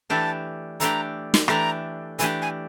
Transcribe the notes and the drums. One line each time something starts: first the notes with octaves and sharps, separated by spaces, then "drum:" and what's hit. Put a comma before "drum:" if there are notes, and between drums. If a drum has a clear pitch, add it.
E3 A3 D4 G4 A5
E3 A3 D4 G4 A#5, drum: hi-hat
drum: snare
E3 A3 D4 G4 A#5, drum: rim click
E3 A3 D4 G4 G#5, drum: hi-hat
G#5